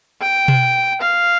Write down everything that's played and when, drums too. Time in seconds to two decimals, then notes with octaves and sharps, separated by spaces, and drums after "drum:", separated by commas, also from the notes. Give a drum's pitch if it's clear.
0.22 G5
0.48 drum: tom B2
1.02 F5